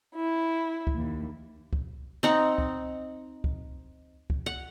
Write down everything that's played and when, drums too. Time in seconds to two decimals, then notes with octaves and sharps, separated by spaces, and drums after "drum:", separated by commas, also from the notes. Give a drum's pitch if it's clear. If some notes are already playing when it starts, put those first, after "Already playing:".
0.15 E4
0.87 drum: kick C#2
0.96 D#2
1.73 drum: kick C#2
2.23 C4 D#4 F#5
2.58 drum: kick C#2
3.44 drum: kick C#2
4.30 drum: kick C#2
4.46 F#5